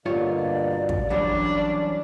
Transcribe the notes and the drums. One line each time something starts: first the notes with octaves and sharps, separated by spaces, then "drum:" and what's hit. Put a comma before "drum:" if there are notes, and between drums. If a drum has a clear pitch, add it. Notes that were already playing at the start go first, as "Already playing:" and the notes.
G2 B2 D3 A#3 F4 C#5 D5
drum: kick
E3 F#3 G3 C#4 D4